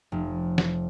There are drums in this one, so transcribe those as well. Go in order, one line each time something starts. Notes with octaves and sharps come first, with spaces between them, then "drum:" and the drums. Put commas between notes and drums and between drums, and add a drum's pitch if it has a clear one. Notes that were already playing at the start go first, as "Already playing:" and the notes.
F1
drum: snare